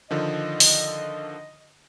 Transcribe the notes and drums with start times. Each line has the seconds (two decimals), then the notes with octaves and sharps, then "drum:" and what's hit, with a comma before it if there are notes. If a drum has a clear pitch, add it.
0.11 D3 D#3 F3 D#5
0.60 drum: open hi-hat